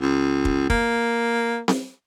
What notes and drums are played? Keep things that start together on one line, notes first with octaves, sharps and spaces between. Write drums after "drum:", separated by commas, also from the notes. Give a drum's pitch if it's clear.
C#2
drum: kick
A#3, drum: kick
drum: snare C4